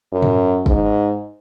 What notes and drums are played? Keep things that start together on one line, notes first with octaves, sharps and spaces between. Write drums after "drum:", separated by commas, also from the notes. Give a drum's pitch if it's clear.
F#2
drum: tom G#2
G#2, drum: kick